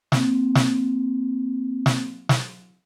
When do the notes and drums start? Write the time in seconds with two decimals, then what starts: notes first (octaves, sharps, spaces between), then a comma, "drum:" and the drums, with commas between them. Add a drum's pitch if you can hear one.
0.12 A#3 C4, drum: snare
0.55 drum: snare
1.86 drum: snare
2.29 drum: snare